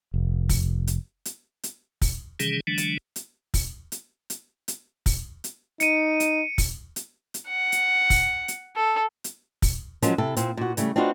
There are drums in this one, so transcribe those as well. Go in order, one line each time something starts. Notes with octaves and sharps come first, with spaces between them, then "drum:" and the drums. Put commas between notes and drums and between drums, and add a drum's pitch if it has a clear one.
F1
drum: kick, open hi-hat
drum: hi-hat
drum: hi-hat
drum: hi-hat
drum: kick, open hi-hat
C3 D#3 E3 G3 C#4 G#4, drum: hi-hat
D3 E3 F#3 G#3 D4
drum: hi-hat
drum: hi-hat
drum: kick, open hi-hat
drum: hi-hat
drum: hi-hat
drum: hi-hat
drum: kick, open hi-hat
drum: hi-hat
D#4 C#7 D#7, drum: hi-hat
drum: hi-hat
drum: kick, open hi-hat
drum: hi-hat
drum: hi-hat
F#5
drum: hi-hat
drum: kick, open hi-hat
drum: hi-hat
A4
drum: hi-hat
drum: kick, open hi-hat
F3 F#3 G#3 C#4 A#4, drum: hi-hat
C3 E4 A4
A#2 C4, drum: hi-hat
A#2 F#4
C#3 G3 A3, drum: hi-hat
C4 D4 D#4 F4 F#4 B4